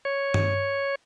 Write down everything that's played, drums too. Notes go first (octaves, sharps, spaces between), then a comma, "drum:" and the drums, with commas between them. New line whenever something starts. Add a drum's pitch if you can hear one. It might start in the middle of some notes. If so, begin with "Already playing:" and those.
C#5
drum: tom G2